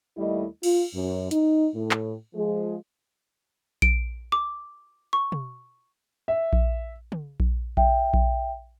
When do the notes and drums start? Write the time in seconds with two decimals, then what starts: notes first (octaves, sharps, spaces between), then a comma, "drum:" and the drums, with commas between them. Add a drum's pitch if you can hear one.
0.17 D#2 G3 A3 E4 D#5
0.63 F4, drum: cymbal
0.94 F#2
1.31 D#4, drum: hi-hat
1.75 A2
1.91 drum: clap
2.35 F3 G#3 G#4
3.82 D7, drum: kick A#1
4.32 D6
5.13 C#6
5.32 drum: tom B2
6.28 E5
6.53 drum: kick A#1
7.12 drum: tom
7.40 drum: kick A#1
7.77 E5 G5, drum: kick A#1
8.14 drum: kick A#1